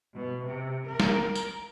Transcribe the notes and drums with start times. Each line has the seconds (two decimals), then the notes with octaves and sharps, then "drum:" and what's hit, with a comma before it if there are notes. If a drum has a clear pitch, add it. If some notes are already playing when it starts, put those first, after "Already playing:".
0.16 B2
0.46 C3
0.87 A#4
1.00 drum: snare
1.35 drum: tambourine